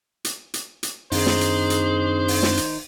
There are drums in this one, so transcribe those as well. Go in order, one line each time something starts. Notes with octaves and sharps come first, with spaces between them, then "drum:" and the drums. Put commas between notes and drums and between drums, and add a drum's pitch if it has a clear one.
drum: hi-hat
drum: hi-hat
drum: hi-hat
F#2 D#3 C4 D4 D#4 G#4 C5, drum: open hi-hat
drum: snare
drum: hi-hat
drum: hi-hat
drum: open hi-hat
drum: snare
drum: hi-hat